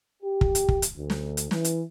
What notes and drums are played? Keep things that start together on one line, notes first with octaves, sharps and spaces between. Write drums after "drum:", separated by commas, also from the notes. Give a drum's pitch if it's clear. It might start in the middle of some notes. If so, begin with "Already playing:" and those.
G4
drum: kick
drum: hi-hat
drum: kick
drum: hi-hat
D2
drum: snare
drum: hi-hat
E3, drum: snare
drum: hi-hat